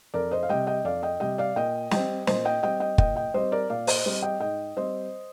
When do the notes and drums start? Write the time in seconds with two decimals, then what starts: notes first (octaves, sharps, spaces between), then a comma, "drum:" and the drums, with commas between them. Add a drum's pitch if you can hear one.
0.14 F2 A#4 D5
0.31 C5 D#5
0.43 F5
0.49 C3 G3 D#5 G5
0.67 D#5 G5
0.85 F2 D5 F5
1.03 D#5 G5
1.20 C3 G3 D#5 G5
1.38 D5 F5
1.56 A#2 D#5 G5
1.91 G3 C4 D#5 G5, drum: snare
2.27 A#2 C5 D#5, drum: snare
2.45 D#5 G5
2.63 G3 C4 D#5 G5
2.80 D#5 G5
2.98 A#2 D#5 G5, drum: kick
3.16 D#5 G5
3.34 G3 C4 C5 D#5
3.52 A#4 D5
3.70 A#2 D5 F5
3.87 C5 D#5, drum: open hi-hat
4.06 G3 C4 C5 D#5
4.23 D#5 G5
4.40 G#2 D#5 G5
4.77 G3 C4 C5 D#5